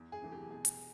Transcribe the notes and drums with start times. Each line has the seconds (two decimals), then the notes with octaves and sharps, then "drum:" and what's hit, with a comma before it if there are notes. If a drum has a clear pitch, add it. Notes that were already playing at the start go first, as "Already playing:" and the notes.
Already playing: E2
0.12 G#4
0.22 C3 E3 A3
0.32 G4
0.50 B2 G#4
0.65 drum: hi-hat